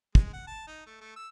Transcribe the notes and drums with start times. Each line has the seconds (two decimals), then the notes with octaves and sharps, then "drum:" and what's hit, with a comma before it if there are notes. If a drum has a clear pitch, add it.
0.15 G#3, drum: kick
0.33 F#5
0.47 A5
0.67 D#4
0.86 A3
1.01 A3
1.16 E6